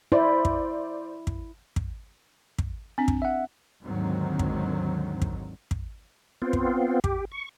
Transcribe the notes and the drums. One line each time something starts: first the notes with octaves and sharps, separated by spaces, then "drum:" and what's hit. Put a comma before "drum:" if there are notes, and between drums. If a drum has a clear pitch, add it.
E4 C5 D5
drum: kick
drum: kick
drum: kick
drum: kick
C4 D4
drum: kick
E5 F#5
D#2 G#2 D3 D#3 F#3 C4
drum: kick
drum: kick
drum: kick
B3 C4 F4
drum: kick
G4, drum: kick
C#6